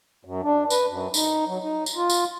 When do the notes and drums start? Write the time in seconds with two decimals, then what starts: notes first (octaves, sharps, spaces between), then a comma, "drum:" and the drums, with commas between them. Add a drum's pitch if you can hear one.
0.25 F#2
0.43 D4
0.70 B4, drum: tambourine
0.89 F#2
1.14 D#4, drum: tambourine
1.47 F#3
1.62 D#4
1.86 drum: tambourine
1.96 F4
2.10 drum: tambourine